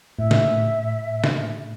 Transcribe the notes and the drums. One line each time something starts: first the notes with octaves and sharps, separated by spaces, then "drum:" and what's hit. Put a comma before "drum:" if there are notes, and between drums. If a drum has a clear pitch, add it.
A2 E5
drum: snare
drum: snare